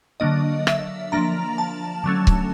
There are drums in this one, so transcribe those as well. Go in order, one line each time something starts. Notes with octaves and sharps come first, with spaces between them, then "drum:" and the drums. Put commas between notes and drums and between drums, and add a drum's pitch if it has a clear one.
D3 F#3 A#3 D4 D#5
E5, drum: rim click
F3 A#3 D4 A#5
A5
D3 F#3 A3 C#4
drum: kick C#1